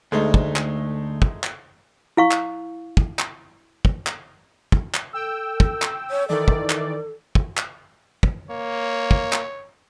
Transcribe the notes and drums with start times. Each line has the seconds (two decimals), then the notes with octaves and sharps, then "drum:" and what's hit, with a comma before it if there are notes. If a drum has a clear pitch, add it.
0.12 D2 G#3 A3 D#4
0.34 drum: kick
0.56 drum: clap
1.22 drum: kick
1.44 drum: clap
2.17 E4 F5 C#6
2.31 drum: clap
2.97 drum: kick
3.19 drum: clap
3.85 drum: kick
4.07 drum: clap
4.72 drum: kick
4.94 drum: clap
5.13 A4 G5 E6
5.60 drum: kick
5.82 drum: clap
6.10 C#5
6.29 D#3 E3 A4 D5
6.48 drum: kick
6.70 drum: clap
7.35 drum: kick
7.57 drum: clap
8.23 drum: kick
8.50 A#3 C#5
9.11 drum: kick
9.33 drum: clap